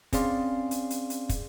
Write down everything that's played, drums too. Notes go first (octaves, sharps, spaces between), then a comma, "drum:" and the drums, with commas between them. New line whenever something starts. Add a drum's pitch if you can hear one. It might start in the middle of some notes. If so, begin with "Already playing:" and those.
C4 C#4 G#4 D5 F5 C6, drum: kick, hi-hat
drum: hi-hat
drum: hi-hat
drum: hi-hat
drum: kick, hi-hat